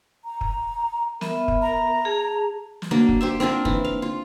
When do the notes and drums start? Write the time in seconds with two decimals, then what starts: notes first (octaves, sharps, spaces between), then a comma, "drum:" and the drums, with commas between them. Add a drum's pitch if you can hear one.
0.25 A#5
0.41 drum: kick
1.21 B3 A#4 E5 B5, drum: snare
1.48 drum: kick
1.62 A#5
2.05 G#4 A5
2.82 drum: snare
2.91 F#3 A#3 D4
3.09 drum: kick
3.21 G4 C5 E5
3.40 C4 D4 F4 A#4
3.65 E3, drum: kick
3.85 F5
4.02 F4